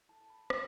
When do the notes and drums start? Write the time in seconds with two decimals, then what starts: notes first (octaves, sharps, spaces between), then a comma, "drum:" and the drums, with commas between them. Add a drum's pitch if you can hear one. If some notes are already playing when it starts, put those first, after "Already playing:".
0.09 E4 A4 A5
0.21 A5
0.30 B5
0.50 D4 C6, drum: rim click